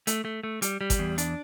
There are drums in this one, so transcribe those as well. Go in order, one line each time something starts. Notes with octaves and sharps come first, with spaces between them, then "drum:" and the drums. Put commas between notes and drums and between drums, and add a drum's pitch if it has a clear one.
A3, drum: hi-hat
A3
A3
G3, drum: hi-hat
G3
drum: kick G1, hi-hat
E2
D4, drum: hi-hat